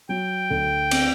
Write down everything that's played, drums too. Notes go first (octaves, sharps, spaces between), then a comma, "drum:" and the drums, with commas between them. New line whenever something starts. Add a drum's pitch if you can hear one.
F#3 G5
D2
C4, drum: cymbal